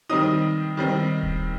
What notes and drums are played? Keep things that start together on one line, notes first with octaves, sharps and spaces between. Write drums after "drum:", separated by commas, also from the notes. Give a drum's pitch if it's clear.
D#3 G3 C4 D#4 D#6
D#3 G3 C4 D#4
drum: kick D#1